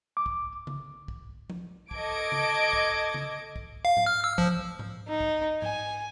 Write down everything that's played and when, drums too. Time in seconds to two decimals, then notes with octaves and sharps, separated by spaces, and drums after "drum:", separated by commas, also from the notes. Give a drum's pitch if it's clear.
0.17 D6
0.26 drum: kick
0.67 drum: tom
1.08 drum: kick
1.50 drum: tom
1.91 A4 D#5 D6 G#6 D7, drum: kick
2.32 drum: tom
2.73 drum: kick
3.14 drum: tom
3.56 drum: kick
3.85 F5
3.97 drum: tom G#2
4.06 F6
4.24 E6
4.38 F3, drum: kick
4.79 drum: tom G#2
5.07 D#4
5.21 drum: kick
5.62 G#5, drum: tom G#2